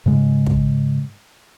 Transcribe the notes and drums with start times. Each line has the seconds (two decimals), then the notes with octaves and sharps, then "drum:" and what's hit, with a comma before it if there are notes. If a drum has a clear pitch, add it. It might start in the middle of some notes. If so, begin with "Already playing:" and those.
0.06 G#2 C#3 G#3
0.46 drum: kick